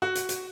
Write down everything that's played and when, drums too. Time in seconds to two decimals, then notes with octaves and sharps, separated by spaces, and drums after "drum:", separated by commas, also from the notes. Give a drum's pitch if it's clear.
0.02 F#4
0.15 drum: hi-hat
0.29 drum: hi-hat